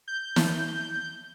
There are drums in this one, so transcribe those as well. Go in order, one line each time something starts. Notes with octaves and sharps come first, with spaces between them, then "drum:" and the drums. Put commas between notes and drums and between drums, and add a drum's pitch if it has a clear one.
G6
drum: snare